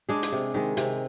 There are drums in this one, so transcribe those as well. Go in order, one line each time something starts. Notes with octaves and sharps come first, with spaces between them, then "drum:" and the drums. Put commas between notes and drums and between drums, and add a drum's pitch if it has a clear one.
G#3 D4 G#4
drum: hi-hat
C3
D#3 G#3
C3, drum: hi-hat